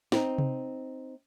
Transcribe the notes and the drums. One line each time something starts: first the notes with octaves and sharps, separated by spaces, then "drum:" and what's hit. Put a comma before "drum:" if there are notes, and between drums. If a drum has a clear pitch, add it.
C4 D#4, drum: snare
drum: tom C3